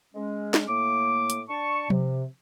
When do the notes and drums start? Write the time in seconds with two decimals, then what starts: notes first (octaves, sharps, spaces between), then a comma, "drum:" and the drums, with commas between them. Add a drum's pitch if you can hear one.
0.14 G#3 C#4
0.54 drum: snare
0.68 A2 A#3 D6
1.30 drum: hi-hat
1.49 D4 A5 C#6
1.90 C3, drum: tom F3